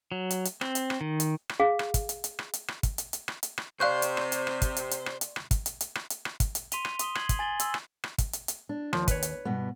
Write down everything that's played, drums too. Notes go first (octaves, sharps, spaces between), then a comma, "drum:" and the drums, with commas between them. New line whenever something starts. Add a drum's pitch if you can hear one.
F#3
drum: hi-hat
drum: hi-hat
C4, drum: rim click
drum: hi-hat
drum: rim click
D#3
drum: hi-hat
drum: rim click
G#4 F5
drum: rim click
drum: kick, hi-hat
drum: hi-hat
drum: hi-hat
drum: rim click
drum: hi-hat
drum: rim click
drum: kick, hi-hat
drum: hi-hat
drum: hi-hat
drum: rim click
drum: hi-hat
drum: rim click
C3 C5 D5 F5 C6 C#6 F#6 G6
drum: hi-hat
drum: rim click
drum: hi-hat
drum: rim click
drum: kick, hi-hat
drum: hi-hat
drum: hi-hat
drum: rim click
drum: hi-hat
drum: rim click
drum: kick, hi-hat
drum: hi-hat
drum: hi-hat
drum: rim click
drum: hi-hat
drum: rim click
drum: kick, hi-hat
drum: hi-hat
C6 B6 D#7 F7 G7, drum: hi-hat
drum: rim click
C6 D#6 B6 G7, drum: hi-hat
G#6 B6 C7 F#7 G7, drum: rim click
drum: kick, hi-hat
G#5 A6 F#7 G7
C6 E6, drum: hi-hat
drum: rim click
drum: rim click
drum: kick, hi-hat
drum: hi-hat
drum: hi-hat
D4
D#2 F3, drum: rim click
B4 C#5, drum: kick, hi-hat
drum: hi-hat
G2 B2 B3